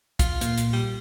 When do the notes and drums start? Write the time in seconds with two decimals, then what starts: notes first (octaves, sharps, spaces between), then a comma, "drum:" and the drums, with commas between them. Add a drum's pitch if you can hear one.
0.19 F4, drum: kick, hi-hat
0.41 A#2, drum: hi-hat
0.58 drum: hi-hat
0.73 G3